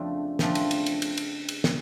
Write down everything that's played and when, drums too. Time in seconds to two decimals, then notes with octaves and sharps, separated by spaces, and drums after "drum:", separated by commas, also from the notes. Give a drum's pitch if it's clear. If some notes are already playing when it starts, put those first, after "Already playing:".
Already playing: F2 C#3 F3 A3 D4
0.39 F2 C#3 F3 A3 D4, drum: snare
0.55 drum: cymbal
0.71 drum: cymbal
0.86 drum: cymbal
1.02 drum: cymbal
1.17 drum: cymbal
1.49 drum: cymbal
1.64 drum: snare